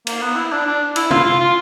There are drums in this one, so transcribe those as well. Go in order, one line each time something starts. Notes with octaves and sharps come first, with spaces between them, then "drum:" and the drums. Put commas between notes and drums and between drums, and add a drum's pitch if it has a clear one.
A#3, drum: cymbal
B3
E4
D4
D4
E4, drum: cymbal
F4, drum: tom
F4
F4